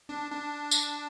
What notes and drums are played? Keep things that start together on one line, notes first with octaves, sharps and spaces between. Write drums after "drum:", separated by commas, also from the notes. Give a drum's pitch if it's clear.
D4
D4
drum: tambourine